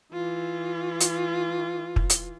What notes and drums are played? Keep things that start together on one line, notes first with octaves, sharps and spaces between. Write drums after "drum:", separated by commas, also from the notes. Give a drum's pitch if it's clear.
E3 F4
drum: hi-hat
drum: kick
drum: hi-hat